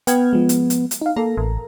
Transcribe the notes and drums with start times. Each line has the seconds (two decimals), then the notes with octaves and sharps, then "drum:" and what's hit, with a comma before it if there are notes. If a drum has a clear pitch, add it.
0.07 B3 G5 F6 G#6, drum: hi-hat
0.33 F3 G#3
0.49 drum: hi-hat
0.70 drum: hi-hat
0.91 drum: hi-hat
1.02 D#4 F5
1.17 A#3 A4 A#4 A#5
1.37 A1